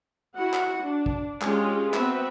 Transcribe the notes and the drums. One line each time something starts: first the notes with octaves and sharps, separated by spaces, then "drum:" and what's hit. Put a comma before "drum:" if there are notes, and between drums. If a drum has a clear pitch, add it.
E4 F#4 F#5
drum: clap
D4
drum: kick
G#3 C#4 F4 G4 G#4, drum: clap
B3 C4 F#4 B4 E5, drum: clap